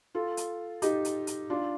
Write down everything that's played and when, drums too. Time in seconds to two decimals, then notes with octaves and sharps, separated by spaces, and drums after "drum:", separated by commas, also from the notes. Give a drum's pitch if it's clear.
0.15 F4 A4
0.37 drum: hi-hat
0.82 D#4 G4, drum: hi-hat
1.05 drum: hi-hat
1.27 drum: hi-hat
1.50 D4 F4